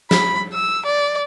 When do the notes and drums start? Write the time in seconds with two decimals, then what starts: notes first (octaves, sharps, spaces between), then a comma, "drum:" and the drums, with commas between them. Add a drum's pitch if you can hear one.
0.11 B5, drum: snare
0.53 E6
0.86 D5